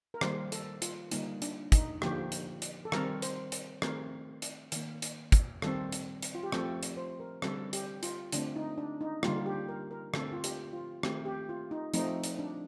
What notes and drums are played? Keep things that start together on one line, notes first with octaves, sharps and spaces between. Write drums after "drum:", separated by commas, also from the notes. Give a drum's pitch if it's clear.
A#4
D#3 G3 A#3 C5, drum: rim click
A4, drum: hi-hat
F4, drum: hi-hat
D3 G3 A#3 D#4, drum: hi-hat
D4, drum: hi-hat
D#4, drum: kick, hi-hat
D3 F3 A#3 G4, drum: rim click
drum: hi-hat
drum: hi-hat
A4
D#3 G3 C4 A#4, drum: rim click
C5, drum: hi-hat
drum: hi-hat
D#3 A3 C4 A#4, drum: rim click
drum: hi-hat
D#3 A#3, drum: hi-hat
drum: hi-hat
drum: kick, hi-hat
D#3 G3 C4 A4, drum: rim click
drum: hi-hat
drum: hi-hat
F4
G4
F3 A3 C4 A4, drum: rim click
drum: hi-hat
C5
A#4
D3 G3 C4 A4, drum: rim click
G4, drum: hi-hat
F4, drum: hi-hat
D3 A3 C4 D4, drum: hi-hat
D#4
D4
D#4
D3 G3 A#3 F4, drum: rim click
G4
A#4
A#4
D3 A3 C4 A4, drum: rim click
F4
G4, drum: hi-hat
F4
D#3 A3 C4 G4, drum: rim click
G4
F4
D#4
F3 A3 C4 D#4, drum: hi-hat
drum: hi-hat
D4